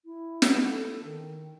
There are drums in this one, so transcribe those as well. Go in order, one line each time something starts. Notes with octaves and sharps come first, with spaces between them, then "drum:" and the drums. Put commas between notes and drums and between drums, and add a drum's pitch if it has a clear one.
E4
drum: snare
A4
D#3